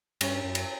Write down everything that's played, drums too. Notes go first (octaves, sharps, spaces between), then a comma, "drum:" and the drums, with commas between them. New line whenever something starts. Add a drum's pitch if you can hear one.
G2 C#4, drum: cymbal
F#2
drum: cymbal